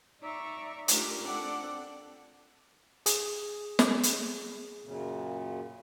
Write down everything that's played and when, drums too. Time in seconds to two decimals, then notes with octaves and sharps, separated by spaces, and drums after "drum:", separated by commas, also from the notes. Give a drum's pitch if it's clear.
0.20 D#4 D5 E5 A#5 C#6
0.88 A3 D4 D#4 F4 G4 A#4, drum: hi-hat
1.22 C4 D4 A4 D5 F#5 G5
3.06 G#4, drum: hi-hat
3.79 drum: snare
4.03 drum: hi-hat
4.83 F#2 A#2 C#3